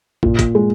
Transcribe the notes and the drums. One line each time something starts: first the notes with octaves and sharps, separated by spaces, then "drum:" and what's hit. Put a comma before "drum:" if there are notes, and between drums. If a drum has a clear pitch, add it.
A#2, drum: kick
drum: kick, hi-hat
G#3